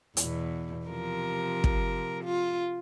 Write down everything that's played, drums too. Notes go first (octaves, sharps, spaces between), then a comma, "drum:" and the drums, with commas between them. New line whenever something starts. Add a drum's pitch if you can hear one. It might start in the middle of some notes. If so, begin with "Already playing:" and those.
E2 B2, drum: hi-hat
C3 F3 A#4
drum: kick
F4